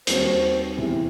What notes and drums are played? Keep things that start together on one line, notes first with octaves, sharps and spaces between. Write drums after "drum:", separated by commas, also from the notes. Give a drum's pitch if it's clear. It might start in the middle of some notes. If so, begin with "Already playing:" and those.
D#2 D#3 G3 C4 F#4 C5, drum: hi-hat
E2 C3 E3